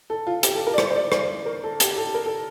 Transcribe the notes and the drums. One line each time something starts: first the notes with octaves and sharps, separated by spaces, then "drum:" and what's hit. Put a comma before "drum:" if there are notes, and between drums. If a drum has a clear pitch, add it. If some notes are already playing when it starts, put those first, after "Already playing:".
A4
F4
G4, drum: hi-hat
A4
A#4
D5
C5, drum: rim click
C5
D5
C5, drum: rim click
A#4
A4
G4, drum: hi-hat
G4
A4
A#4
A4